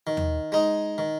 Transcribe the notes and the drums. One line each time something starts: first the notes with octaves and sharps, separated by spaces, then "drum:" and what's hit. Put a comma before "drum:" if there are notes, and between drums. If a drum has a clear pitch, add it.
D#3
drum: tom D#2
G#3 D#4
D#3